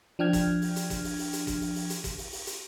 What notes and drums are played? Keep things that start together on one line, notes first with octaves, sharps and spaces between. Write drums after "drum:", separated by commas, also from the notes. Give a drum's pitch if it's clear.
F3 D4 G5 F6 G#6
drum: kick, hi-hat
drum: open hi-hat
drum: hi-hat
drum: kick, hi-hat
drum: open hi-hat
drum: open hi-hat
drum: hi-hat
drum: kick, hi-hat
drum: open hi-hat
drum: open hi-hat
drum: hi-hat
drum: kick, hi-hat
drum: open hi-hat
drum: open hi-hat
drum: hi-hat